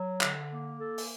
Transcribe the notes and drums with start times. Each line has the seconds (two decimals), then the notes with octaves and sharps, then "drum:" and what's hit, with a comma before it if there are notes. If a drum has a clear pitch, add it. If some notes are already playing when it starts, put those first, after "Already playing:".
Already playing: F#3
0.21 D3, drum: clap
0.51 A#3
0.79 A4
0.98 drum: open hi-hat